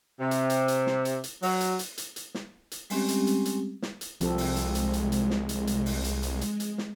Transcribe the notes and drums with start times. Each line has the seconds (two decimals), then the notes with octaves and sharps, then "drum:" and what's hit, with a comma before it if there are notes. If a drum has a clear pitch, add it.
0.20 C3
0.31 drum: hi-hat
0.50 drum: hi-hat
0.68 drum: hi-hat
0.87 drum: snare
1.05 drum: hi-hat
1.24 drum: hi-hat
1.42 F#3, drum: open hi-hat
1.61 drum: hi-hat
1.79 drum: hi-hat
1.98 drum: hi-hat
2.16 drum: hi-hat
2.35 drum: snare
2.71 drum: hi-hat
2.90 G3 G#3 C4 C#4 G4, drum: open hi-hat
3.08 drum: hi-hat
3.27 drum: hi-hat
3.45 drum: hi-hat
3.82 drum: snare
4.01 drum: hi-hat
4.21 C2 F3 G#3 C4 A4, drum: hi-hat
4.38 drum: open hi-hat
4.56 drum: hi-hat
4.75 drum: hi-hat
4.93 drum: hi-hat
5.12 drum: hi-hat
5.30 drum: snare
5.49 drum: hi-hat
5.67 drum: hi-hat
5.86 drum: open hi-hat
6.04 drum: hi-hat
6.23 drum: hi-hat
6.41 drum: hi-hat
6.60 drum: hi-hat
6.78 drum: snare